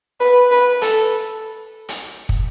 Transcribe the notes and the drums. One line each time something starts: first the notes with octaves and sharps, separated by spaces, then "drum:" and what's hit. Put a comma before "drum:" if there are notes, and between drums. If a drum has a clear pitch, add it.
B4
B4
A4, drum: hi-hat
drum: hi-hat
drum: kick